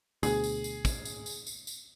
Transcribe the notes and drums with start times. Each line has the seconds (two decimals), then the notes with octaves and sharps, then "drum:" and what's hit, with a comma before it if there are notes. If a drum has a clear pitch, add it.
0.23 D2 B2 G#4, drum: tambourine
0.44 drum: tambourine
0.64 drum: tambourine
0.85 drum: kick, tambourine
1.05 drum: tambourine
1.26 drum: tambourine
1.47 drum: tambourine
1.67 drum: tambourine